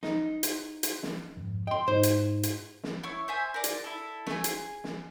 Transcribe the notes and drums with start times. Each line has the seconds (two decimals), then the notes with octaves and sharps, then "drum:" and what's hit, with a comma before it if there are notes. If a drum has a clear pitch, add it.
0.03 D#4, drum: snare
0.43 drum: hi-hat
0.83 drum: hi-hat
1.03 drum: snare
1.37 F2 G#2
1.67 D#5 G5 C6
1.88 G#2 D#4 C5
2.03 drum: hi-hat
2.43 drum: hi-hat
2.83 drum: snare
3.03 E4 C#5 C#6
3.28 C5 E5 G#5 G6
3.54 A#4 D5
3.64 drum: hi-hat
3.84 E4 A4
4.27 A3 G#5, drum: snare
4.44 G#4, drum: hi-hat
4.84 drum: snare